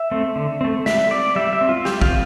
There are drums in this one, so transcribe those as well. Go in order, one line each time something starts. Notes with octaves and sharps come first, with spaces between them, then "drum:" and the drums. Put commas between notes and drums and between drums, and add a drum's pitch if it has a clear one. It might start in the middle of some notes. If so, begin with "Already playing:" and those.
Already playing: E5
A3 C4
D3
A3 C4
G3 E5, drum: snare
C4 D5
G3 E5
E5
C4
F4
G3 G4, drum: snare
F4, drum: kick
C4